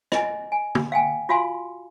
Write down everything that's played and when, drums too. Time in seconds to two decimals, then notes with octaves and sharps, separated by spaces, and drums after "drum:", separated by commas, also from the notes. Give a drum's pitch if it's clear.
0.12 D#5 G#5, drum: rim click
0.52 G#5
0.75 drum: tom
0.92 F5 G5 G#5
1.29 F4 F#4 F5 G#5 C6